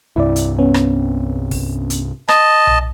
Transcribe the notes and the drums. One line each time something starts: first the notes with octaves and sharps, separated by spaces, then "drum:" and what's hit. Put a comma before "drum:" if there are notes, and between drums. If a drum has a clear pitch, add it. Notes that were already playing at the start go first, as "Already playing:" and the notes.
C2 G2 C3 E4 D5
drum: hi-hat
B3 C#4
drum: rim click
drum: kick, open hi-hat
drum: hi-hat
D#5 A5, drum: rim click
drum: tom B1